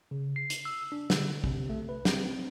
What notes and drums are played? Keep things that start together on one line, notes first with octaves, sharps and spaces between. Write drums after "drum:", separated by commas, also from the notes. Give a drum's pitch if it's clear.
C#3
C7
drum: hi-hat
E6
D4
D3, drum: snare
C3, drum: kick
A3
B4
C4, drum: snare